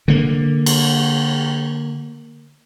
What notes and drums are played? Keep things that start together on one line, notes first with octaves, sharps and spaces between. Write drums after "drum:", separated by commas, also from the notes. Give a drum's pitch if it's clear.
D3 A#3
drum: cymbal